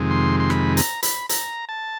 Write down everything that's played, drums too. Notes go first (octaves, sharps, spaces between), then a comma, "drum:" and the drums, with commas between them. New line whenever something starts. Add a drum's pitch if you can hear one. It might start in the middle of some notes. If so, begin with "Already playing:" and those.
Already playing: F2 C3 D#3 G#3
C6
C6
B5, drum: rim click
A#5, drum: hi-hat
B5, drum: hi-hat
A#5, drum: hi-hat
A5